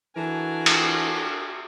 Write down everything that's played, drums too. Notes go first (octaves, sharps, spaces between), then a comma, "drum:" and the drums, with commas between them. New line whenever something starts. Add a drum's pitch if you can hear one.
E3 D4 F#4 A4 A#4 G#5
drum: cymbal